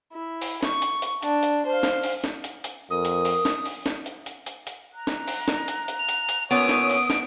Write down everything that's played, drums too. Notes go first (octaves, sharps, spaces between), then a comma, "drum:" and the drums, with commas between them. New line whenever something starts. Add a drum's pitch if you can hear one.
E4
drum: open hi-hat
C#6, drum: snare
drum: hi-hat
drum: hi-hat
D4, drum: hi-hat
drum: hi-hat
C5 F5
drum: snare
drum: open hi-hat
drum: snare
drum: hi-hat
drum: hi-hat
F2 A#4 D#6
drum: hi-hat
drum: open hi-hat
drum: snare
drum: open hi-hat
drum: snare
drum: hi-hat
drum: hi-hat
drum: hi-hat
drum: hi-hat
A#5 F#6
drum: snare
drum: open hi-hat
drum: snare
drum: hi-hat
drum: hi-hat
F7
drum: hi-hat
drum: hi-hat
A#2 B3 C#4 C#5 D#6 E6 D7, drum: open hi-hat
drum: snare
drum: open hi-hat
drum: snare